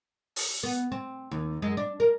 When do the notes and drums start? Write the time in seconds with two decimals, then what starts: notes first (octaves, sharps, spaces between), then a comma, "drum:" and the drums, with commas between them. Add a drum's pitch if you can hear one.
0.36 drum: open hi-hat
0.63 B3
0.92 C4
1.31 D#2
1.62 F#2 G#3
1.77 D4
2.00 A#4